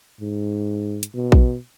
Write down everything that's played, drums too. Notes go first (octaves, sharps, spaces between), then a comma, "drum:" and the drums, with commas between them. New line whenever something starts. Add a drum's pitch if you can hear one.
G#2
drum: hi-hat
B2
drum: kick A#1